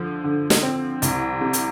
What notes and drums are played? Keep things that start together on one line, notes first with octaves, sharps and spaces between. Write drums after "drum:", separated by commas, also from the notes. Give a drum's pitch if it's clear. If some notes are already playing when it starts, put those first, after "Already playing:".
Already playing: D3 F3
D3
drum: snare
C4
C2, drum: hi-hat
C3
drum: hi-hat